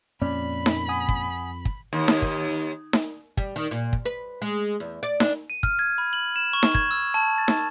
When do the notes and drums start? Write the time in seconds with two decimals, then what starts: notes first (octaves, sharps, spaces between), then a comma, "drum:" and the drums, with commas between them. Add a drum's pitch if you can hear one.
0.22 F2 A#2 C#4 D5 B5
0.66 drum: snare D#4
0.88 F#5 G#5 D#6
1.09 drum: kick
1.65 drum: kick
1.93 D#2
2.08 drum: snare D#4
2.22 drum: kick
2.93 drum: snare D#4
3.37 G3, drum: kick
3.56 D#3
3.71 A#2
3.93 drum: kick
4.06 B4
4.42 G#3
4.80 E2
5.03 D5
5.20 D4, drum: snare D#4
5.50 D#7
5.63 F6, drum: kick
5.79 G#6
5.98 B5
6.13 F#7
6.36 E7
6.53 C#6
6.63 drum: snare D#4
6.75 G#6, drum: kick
6.91 E6
7.14 A5
7.38 A6
7.48 drum: snare D#4